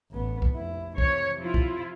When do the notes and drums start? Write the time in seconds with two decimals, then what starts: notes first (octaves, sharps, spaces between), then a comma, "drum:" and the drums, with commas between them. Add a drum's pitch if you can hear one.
0.11 A1 B3
0.42 drum: kick
0.54 F1 E4
0.98 C3 E3 C#5, drum: kick
1.38 F3 E4 F4
1.54 drum: kick